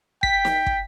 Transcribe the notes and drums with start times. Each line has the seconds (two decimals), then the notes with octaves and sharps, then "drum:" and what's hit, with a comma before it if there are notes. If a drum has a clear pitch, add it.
0.23 G5 B6, drum: kick
0.45 drum: snare
0.66 drum: kick